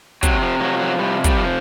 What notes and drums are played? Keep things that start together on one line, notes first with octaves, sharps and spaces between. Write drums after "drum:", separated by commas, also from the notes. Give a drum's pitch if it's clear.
C3 F#3, drum: kick, hi-hat
F3
F3 F#3
F#3
C3 G3
G3, drum: kick, hi-hat
F3